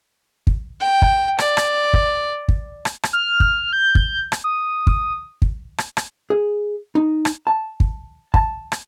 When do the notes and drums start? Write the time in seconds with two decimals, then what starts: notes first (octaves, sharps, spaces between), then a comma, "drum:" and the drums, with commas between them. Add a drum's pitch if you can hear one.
0.47 drum: kick
0.80 G5
1.02 drum: kick
1.39 D5, drum: rim click
1.57 drum: rim click
1.93 drum: kick
2.48 drum: kick
2.85 drum: rim click
3.03 drum: rim click
3.13 F6
3.40 drum: kick
3.73 G6
3.95 drum: kick
4.32 drum: rim click
4.44 D#6
4.87 drum: kick
5.42 drum: kick
5.78 drum: rim click
5.97 drum: rim click
6.30 G#4
6.95 D#4
7.25 drum: rim click
7.47 A5
7.80 drum: kick
8.34 A5, drum: kick
8.72 drum: rim click